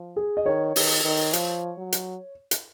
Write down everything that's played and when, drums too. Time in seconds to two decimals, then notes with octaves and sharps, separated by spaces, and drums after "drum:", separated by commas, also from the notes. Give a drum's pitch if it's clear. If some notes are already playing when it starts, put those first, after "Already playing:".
Already playing: F3
0.16 G#4
0.37 D#5
0.46 D#3 C#5
0.76 D#3, drum: open hi-hat
1.04 D#3
1.33 F3, drum: hi-hat
1.78 F#3
1.92 drum: hi-hat
2.51 drum: hi-hat